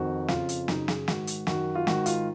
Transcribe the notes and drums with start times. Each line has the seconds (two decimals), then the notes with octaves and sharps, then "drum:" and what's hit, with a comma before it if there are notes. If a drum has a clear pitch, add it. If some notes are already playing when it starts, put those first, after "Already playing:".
Already playing: F2 D#3 F#4
0.28 F2 C#3 F4, drum: snare
0.49 drum: hi-hat
0.68 F#2 C#3 D#4, drum: snare
0.88 G#4, drum: snare
1.08 G#2 D#3 F#4, drum: snare
1.27 drum: hi-hat
1.47 F#2 D#3 F#4, drum: snare
1.75 F4
1.87 G#2 D#3 F#4, drum: snare
2.06 F4, drum: hi-hat